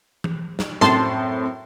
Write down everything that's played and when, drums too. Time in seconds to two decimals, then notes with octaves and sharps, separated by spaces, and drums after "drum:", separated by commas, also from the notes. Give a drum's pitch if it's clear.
0.24 drum: tom E3
0.59 drum: snare
0.81 F#2 A2 C4 A5 C6, drum: snare